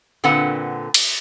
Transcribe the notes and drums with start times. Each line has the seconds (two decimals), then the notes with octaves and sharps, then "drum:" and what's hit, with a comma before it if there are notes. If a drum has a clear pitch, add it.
0.24 A#2 D3 C4 B4 F#5
0.94 drum: cymbal